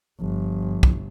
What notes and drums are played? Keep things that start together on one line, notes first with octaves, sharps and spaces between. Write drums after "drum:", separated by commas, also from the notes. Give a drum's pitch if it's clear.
G1 F3
drum: kick